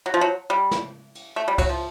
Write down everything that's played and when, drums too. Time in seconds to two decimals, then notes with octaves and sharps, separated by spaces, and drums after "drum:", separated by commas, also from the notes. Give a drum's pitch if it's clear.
0.06 F#3
0.14 F3
0.21 F#3
0.50 G3
0.71 drum: snare
1.15 drum: cymbal
1.36 A3
1.48 G3
1.58 F#3, drum: kick C2, cymbal
1.69 F3